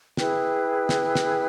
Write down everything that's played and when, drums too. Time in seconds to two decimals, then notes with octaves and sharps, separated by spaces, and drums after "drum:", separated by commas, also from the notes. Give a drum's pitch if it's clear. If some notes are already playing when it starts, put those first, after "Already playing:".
0.17 E4 G#4 B4 G5, drum: snare
0.89 drum: snare
1.15 drum: snare